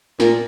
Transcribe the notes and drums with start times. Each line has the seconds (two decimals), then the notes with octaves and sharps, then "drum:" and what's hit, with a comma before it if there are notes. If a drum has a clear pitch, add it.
0.20 A#2, drum: snare